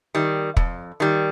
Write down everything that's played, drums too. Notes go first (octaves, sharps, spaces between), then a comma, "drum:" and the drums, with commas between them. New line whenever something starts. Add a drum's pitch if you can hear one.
D#3 G3
F2, drum: kick
D#3 G3